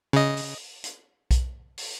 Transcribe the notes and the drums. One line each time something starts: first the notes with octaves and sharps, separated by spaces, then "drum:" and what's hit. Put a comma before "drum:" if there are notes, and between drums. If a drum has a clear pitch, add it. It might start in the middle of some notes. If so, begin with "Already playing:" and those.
C#3 D#5
drum: open hi-hat
drum: hi-hat
drum: kick B1, hi-hat
drum: open hi-hat